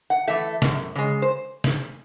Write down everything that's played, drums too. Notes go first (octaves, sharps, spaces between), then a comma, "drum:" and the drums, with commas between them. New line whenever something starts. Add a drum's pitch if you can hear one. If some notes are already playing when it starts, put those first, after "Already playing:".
F#5
E3 A3 E5
F#2, drum: snare
C#3 G#3
C5
drum: snare